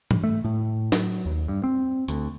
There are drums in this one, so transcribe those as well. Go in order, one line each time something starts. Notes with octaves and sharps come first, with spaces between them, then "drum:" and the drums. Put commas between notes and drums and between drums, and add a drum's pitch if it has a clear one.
drum: tom
A3
A2
F#3, drum: snare
D#2
G2
C4
D2, drum: hi-hat